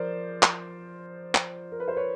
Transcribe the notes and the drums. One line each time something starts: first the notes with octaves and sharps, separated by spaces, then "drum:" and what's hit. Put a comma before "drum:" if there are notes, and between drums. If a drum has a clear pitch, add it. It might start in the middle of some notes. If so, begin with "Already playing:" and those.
Already playing: F3 A#4 C5 D5
drum: clap
drum: clap
A#4
B4
C5
B4 C#5